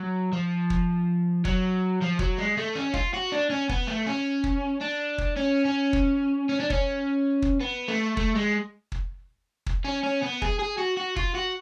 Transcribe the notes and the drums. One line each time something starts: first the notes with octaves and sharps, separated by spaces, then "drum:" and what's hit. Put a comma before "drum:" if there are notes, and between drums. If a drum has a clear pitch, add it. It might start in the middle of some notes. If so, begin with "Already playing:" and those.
Already playing: F#3
F3
drum: kick
F#3, drum: kick
F3
F#3, drum: kick
G#3
A3
C#4
F4, drum: kick
F#4
D4
C#4
B3, drum: kick
A3
C#4
drum: kick
D4
drum: kick
C#4
C#4
drum: kick
C#4
D4
C#4, drum: kick
drum: kick
B3
A3
A3, drum: kick
G#3
drum: kick
drum: kick
C#4
C#4
B3
G#4, drum: kick
G#4
F#4
F#4
F4, drum: kick
F#4